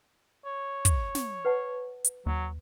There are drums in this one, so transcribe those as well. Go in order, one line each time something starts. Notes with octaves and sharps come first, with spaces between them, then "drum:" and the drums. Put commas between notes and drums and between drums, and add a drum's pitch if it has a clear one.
C#5
drum: kick, hi-hat
drum: snare
B4 F#5 A5
drum: hi-hat
D#2 F#3